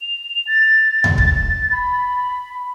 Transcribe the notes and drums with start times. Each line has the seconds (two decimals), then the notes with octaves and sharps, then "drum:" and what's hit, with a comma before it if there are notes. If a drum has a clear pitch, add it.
0.01 F7
0.47 A6
1.04 drum: tom D#2
1.18 A6, drum: kick
1.72 B5